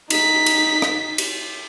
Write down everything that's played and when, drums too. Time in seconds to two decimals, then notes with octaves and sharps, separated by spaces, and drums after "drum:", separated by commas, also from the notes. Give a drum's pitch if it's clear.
0.10 D#4 B6, drum: cymbal
0.46 drum: cymbal
0.82 drum: rim click
1.18 drum: cymbal